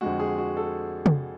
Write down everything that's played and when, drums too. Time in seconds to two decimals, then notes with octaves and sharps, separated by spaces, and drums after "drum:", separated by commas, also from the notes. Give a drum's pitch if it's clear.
0.01 F2 D3 G#3 F#4
0.20 G#4
0.38 F#4
0.57 A4
1.06 drum: tom